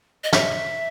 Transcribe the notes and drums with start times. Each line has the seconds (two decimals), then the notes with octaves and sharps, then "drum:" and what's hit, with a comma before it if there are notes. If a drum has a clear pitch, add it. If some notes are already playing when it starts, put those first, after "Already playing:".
0.24 D#5
0.33 E5, drum: snare